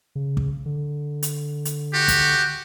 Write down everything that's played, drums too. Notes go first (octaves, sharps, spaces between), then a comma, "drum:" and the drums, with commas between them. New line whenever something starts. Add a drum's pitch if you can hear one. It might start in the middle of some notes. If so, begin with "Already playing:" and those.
C#3
drum: kick
D3
drum: hi-hat
drum: hi-hat
F#4 G4
drum: kick, hi-hat